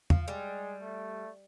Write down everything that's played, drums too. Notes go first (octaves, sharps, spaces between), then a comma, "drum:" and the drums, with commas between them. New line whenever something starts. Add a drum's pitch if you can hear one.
F3, drum: tom
G3 G#3
A3